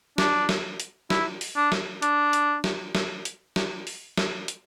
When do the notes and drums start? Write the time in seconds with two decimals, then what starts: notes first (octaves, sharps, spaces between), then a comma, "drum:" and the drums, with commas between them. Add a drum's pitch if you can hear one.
0.18 D4, drum: snare
0.49 drum: snare
0.80 drum: hi-hat
1.10 E4, drum: snare
1.41 drum: open hi-hat
1.56 D4
1.72 drum: snare
2.02 D4, drum: hi-hat
2.33 drum: hi-hat
2.64 drum: snare
2.95 drum: snare
3.25 drum: hi-hat
3.56 drum: snare
3.87 drum: open hi-hat
4.18 drum: snare
4.48 drum: hi-hat